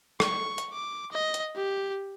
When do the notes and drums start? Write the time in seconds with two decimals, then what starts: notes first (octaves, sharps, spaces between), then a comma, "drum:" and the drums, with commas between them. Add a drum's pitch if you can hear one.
0.20 C#6, drum: rim click
0.58 drum: hi-hat
0.73 D6
1.12 D#5
1.34 drum: hi-hat
1.56 G4